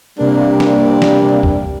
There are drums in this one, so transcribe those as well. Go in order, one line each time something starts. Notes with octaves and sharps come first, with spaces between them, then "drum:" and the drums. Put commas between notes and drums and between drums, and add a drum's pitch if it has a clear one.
C3 G3 A#3 D4
drum: snare
drum: snare
drum: kick